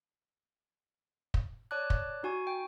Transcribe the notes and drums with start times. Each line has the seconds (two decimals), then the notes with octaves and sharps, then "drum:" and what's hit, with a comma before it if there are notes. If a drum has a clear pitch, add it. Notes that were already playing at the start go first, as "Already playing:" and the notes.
1.34 drum: kick
1.71 C#5 D5 A5 D6 F#6
1.90 drum: kick
2.23 D#4 F#4 G#5 C#6
2.47 G5